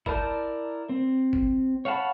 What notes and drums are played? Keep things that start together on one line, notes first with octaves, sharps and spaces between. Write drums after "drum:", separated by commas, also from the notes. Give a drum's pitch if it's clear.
E4 A#4 D5 A5 G6, drum: kick
C4
drum: kick
C#5 F5 F#5 A5 B5